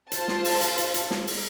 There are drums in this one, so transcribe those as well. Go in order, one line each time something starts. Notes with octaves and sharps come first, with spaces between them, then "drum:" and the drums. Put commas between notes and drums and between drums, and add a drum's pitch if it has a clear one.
F4 C5 A5, drum: hi-hat
drum: snare
drum: open hi-hat
drum: hi-hat
drum: hi-hat
drum: hi-hat
drum: snare
drum: open hi-hat